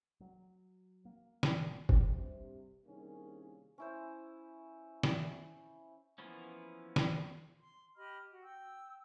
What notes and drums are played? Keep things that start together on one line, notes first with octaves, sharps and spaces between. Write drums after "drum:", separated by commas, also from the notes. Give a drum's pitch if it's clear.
F#3
A#3
F#1 A#2 C#3 G#3, drum: snare
drum: kick F#1
G2 C3
C2 D#3 A#3 C#4 G#4
C#4 E4 C5
drum: snare
E3 F3 A#3 B3 C#4
drum: snare
C6
G4 D#5 B5 F6
F#4
G5 E6